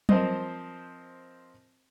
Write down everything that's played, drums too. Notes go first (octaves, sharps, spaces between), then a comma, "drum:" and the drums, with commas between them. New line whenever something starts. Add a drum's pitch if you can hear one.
F3 C4 A#4 C5 D#5, drum: tom F#3